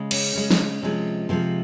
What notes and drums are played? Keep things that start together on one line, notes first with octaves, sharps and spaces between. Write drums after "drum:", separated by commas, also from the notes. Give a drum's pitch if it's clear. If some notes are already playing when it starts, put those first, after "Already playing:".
Already playing: C#3 G#3
C#4, drum: cymbal
C#3 G#3
drum: snare
C3 F3 G#3
C3 F3 G#3 A#3